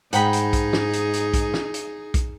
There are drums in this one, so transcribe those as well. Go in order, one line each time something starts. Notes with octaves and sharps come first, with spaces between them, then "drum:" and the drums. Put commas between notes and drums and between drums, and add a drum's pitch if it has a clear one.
G#2 D#4 G#4 F#5 G5 B5, drum: hi-hat
drum: hi-hat
drum: kick B1, hi-hat
drum: snare
drum: hi-hat
drum: hi-hat
drum: kick B1, hi-hat
drum: snare
drum: hi-hat
drum: kick B1, hi-hat